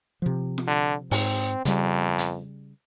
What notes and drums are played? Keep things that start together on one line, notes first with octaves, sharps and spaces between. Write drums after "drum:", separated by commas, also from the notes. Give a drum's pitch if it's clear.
C3 F3
drum: snare F4
D3
G#2 C4, drum: open hi-hat
F2 C#3 G3, drum: hi-hat
drum: hi-hat